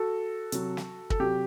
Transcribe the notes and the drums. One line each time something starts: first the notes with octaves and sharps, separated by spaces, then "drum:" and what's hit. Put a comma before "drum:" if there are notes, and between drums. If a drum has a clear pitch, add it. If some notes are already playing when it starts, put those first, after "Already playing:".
Already playing: F#4 A4
C3 F#3, drum: hi-hat
drum: snare
A4, drum: kick
C3 F#3 G4